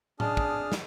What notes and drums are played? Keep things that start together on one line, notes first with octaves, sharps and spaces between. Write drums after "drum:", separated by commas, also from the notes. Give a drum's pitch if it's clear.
D4 G#4 A5 D#6 F6, drum: tom A2
drum: kick
drum: snare